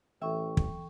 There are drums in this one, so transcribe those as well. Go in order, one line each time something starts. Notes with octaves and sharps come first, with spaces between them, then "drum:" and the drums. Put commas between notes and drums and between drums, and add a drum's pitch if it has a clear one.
A1 E3 A4 E5 G5 C#6
drum: kick